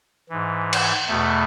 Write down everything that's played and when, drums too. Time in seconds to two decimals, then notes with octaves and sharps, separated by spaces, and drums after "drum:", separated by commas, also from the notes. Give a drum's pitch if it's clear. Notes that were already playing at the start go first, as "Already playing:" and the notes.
0.29 G#2 E3
0.73 drum: cymbal
1.08 E2 B2 A3